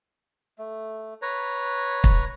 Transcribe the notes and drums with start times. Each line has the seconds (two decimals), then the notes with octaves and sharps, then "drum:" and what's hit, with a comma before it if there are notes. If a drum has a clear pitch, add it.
0.59 A3
1.22 B4 C#5 A#5
2.04 drum: kick